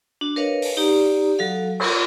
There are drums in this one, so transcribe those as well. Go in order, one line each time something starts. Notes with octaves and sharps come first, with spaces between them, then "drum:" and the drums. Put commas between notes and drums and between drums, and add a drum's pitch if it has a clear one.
D4 F#4
A#4 B4 C#5 D#5 F5
drum: open hi-hat
D#4 G4 D5 A#5 D#6
F#3 F#4 A4 F5
F4 A#4 C6, drum: cymbal